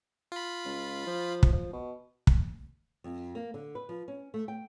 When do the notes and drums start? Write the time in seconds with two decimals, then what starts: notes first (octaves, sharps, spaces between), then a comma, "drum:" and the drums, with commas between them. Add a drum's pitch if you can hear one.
0.32 F4 B5
0.65 C#2
1.07 F3
1.43 drum: kick
1.53 F3
1.73 B2
2.27 drum: kick
3.04 F2
3.35 A#3
3.54 D3
3.75 B4
3.89 F3
4.08 C#4
4.34 A3
4.48 G5